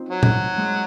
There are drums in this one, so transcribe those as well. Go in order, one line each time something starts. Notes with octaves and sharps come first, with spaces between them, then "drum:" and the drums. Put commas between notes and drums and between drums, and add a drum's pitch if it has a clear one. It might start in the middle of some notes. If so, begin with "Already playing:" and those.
Already playing: C4 D#4 F4
F#3
drum: tom
G#3